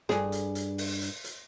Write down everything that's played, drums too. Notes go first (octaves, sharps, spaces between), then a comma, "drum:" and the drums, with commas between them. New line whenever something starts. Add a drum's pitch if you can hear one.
G2 G#4, drum: snare
drum: hi-hat
drum: hi-hat
drum: open hi-hat
drum: hi-hat
drum: hi-hat